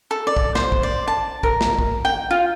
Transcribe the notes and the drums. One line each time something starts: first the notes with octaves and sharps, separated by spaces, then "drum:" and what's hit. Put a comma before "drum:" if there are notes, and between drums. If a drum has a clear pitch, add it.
A4
D5
drum: kick
C5, drum: snare
drum: kick
D5
A5
A#4, drum: kick
drum: snare
drum: kick
G5
F4